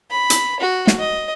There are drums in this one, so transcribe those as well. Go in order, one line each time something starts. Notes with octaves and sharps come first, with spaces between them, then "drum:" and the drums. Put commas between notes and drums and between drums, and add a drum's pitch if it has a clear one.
B5
drum: hi-hat
F#4
drum: snare
D#5